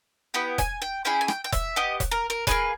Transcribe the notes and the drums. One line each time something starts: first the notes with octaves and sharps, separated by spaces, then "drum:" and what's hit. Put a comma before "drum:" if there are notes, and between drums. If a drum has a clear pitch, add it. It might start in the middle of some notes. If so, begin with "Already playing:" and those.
B3 E4 G4 G5
G#5, drum: kick E1, hi-hat
G5
C#4 E4 G#4 G5
G#5
G5, drum: rim click
G5
E5, drum: kick E1, hi-hat
B3 G4 D#5
drum: kick E1, hi-hat
A#4
A#4
A#3 D#4 G#4 B4, drum: kick E1, hi-hat